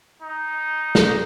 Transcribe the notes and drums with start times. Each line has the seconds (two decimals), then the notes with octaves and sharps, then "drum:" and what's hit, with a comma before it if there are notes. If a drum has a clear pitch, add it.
0.22 D#4
0.95 drum: snare